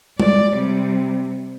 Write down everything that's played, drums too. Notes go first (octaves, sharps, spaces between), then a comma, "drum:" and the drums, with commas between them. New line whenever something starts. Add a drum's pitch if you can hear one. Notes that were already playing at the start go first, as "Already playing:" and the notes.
G#3 D5, drum: tom G3
C3 G3